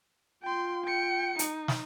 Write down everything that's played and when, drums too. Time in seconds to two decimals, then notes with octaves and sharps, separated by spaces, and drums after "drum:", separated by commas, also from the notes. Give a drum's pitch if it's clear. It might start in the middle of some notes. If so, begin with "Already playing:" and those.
0.43 F4 G5 C6
0.85 G5 C#7
1.39 D#4, drum: hi-hat
1.68 drum: snare